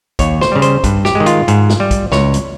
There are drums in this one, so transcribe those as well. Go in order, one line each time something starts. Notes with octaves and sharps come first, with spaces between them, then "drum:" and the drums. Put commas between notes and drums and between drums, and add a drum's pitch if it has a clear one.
D#2 C#5, drum: kick, hi-hat
C5, drum: snare
C#3 G3
C5, drum: hi-hat
G2, drum: kick, hi-hat
G4, drum: snare
G#3
D#3
F4, drum: hi-hat
G#2, drum: hi-hat
drum: snare
G3
drum: kick, hi-hat
C#2 C#5, drum: snare
drum: hi-hat